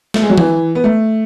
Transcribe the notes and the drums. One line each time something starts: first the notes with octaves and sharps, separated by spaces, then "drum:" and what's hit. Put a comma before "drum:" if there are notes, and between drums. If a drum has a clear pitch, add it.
A3, drum: snare
G#3
F#3
E3, drum: tom
B3
A3